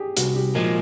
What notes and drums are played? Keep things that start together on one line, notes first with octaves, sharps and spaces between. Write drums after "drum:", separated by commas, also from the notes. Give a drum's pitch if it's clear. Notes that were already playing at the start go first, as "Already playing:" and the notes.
Already playing: G4 G#4
C2 F#4, drum: hi-hat
G4
A#2 F3 G#3 A#4